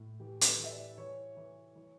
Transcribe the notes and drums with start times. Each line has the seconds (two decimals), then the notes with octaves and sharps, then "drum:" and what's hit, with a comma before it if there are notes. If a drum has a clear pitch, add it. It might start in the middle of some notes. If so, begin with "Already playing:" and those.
Already playing: A2
0.20 E3 G4
0.41 B4, drum: hi-hat
0.46 A4
0.59 E3
0.64 E5
0.71 D5
0.98 E3 C#5
1.37 E3
1.76 E3